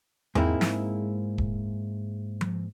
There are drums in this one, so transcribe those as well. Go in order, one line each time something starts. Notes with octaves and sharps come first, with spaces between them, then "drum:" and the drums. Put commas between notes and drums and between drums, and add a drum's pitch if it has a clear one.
G#2 G#3 A#3 C4 E4, drum: tom E2
drum: snare
drum: kick
drum: tom F3